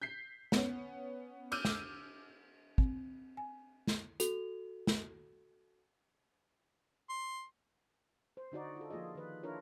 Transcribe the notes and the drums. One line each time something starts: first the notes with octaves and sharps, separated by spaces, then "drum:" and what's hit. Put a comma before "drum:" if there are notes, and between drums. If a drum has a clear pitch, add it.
G6 B6 C7
B3 C#4, drum: snare
D6 E6 F6 G6 D#7, drum: cymbal
drum: snare
C4, drum: kick
G#5
drum: snare
F#4 A4 F7, drum: hi-hat
drum: snare
C6
C5
D3 D#4 F#4 D5
F4 A4
F3 A#3 F4 G#4 D#5
D#3 B4
D4 E4 F4 A#4 C#5